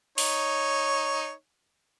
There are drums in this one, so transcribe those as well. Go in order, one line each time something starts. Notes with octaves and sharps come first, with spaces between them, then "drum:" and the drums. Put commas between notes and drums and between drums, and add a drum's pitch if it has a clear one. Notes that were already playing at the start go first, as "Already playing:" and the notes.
D#4 C#5, drum: open hi-hat